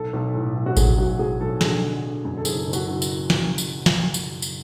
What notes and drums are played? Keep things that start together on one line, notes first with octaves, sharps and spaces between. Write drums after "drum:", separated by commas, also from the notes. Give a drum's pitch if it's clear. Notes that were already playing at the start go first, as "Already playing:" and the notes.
Already playing: B1 A4
B1
A2
B1
F#4
F#3 G#4, drum: kick G#1, tambourine
F#3 F#4
F#3 G#4
B1 A4
D3 G#4, drum: snare
D3
D3
F#2
A4
F#1 G#4, drum: tambourine
F#1
F#4, drum: tambourine
F#1
drum: tambourine
drum: snare
drum: tambourine
drum: snare
drum: tambourine
drum: tambourine